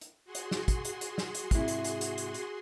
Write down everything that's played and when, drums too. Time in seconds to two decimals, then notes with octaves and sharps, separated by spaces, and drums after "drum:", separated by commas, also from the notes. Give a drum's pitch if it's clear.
0.01 drum: hi-hat
0.25 F#4 G#4 C6
0.35 drum: hi-hat
0.51 drum: snare
0.68 drum: kick, hi-hat
0.85 drum: hi-hat
1.01 drum: hi-hat
1.18 drum: snare
1.35 drum: hi-hat
1.51 G#2 C3 E4, drum: kick, hi-hat
1.68 drum: hi-hat
1.84 drum: hi-hat
2.01 drum: hi-hat
2.18 drum: hi-hat
2.34 drum: hi-hat